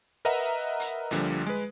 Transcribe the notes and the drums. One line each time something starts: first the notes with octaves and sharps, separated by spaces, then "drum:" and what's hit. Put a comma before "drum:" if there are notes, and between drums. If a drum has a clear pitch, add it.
A#4 B4 D#5 E5 F#5 A#5
drum: hi-hat
A#1 A#2 D3 F3 G3, drum: hi-hat
G#3 B4